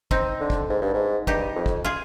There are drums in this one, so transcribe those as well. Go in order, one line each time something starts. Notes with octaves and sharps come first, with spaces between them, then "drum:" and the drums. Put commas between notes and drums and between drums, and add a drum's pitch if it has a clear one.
C4 D#4, drum: kick
D3
drum: kick
G#2
G2
G#2
G2 D#4 G4, drum: kick
F2
drum: kick
F4 G#4